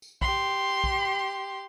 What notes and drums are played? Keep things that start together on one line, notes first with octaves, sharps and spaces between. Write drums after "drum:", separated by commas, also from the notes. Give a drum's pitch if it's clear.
drum: tambourine
G4 C6, drum: kick B1
drum: kick B1